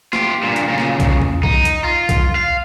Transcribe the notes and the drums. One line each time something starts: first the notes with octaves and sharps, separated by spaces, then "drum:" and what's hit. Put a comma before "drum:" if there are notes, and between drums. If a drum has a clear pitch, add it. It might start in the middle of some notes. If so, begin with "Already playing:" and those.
F4 G4, drum: snare
G2 A#2
drum: hi-hat
A#2 C#3
drum: snare
drum: kick, hi-hat
drum: tom E2
D#4, drum: kick
drum: hi-hat
F4
drum: kick, hi-hat
F5